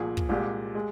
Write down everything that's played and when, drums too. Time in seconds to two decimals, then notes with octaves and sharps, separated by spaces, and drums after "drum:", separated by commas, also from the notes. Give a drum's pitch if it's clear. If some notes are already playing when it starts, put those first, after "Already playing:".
Already playing: C2 A#2 F3 G#4
0.17 drum: kick
0.29 C2 A#2 G#3 G4
0.75 G#3